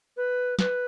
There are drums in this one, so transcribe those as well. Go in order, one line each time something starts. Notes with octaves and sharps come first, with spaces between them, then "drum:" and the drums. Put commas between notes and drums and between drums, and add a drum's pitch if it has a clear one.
B4
B4, drum: snare